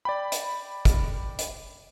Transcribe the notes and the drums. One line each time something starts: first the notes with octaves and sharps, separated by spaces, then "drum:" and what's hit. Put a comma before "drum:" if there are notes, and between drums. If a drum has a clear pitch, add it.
D5 G5 B5
drum: hi-hat
drum: kick, hi-hat
drum: hi-hat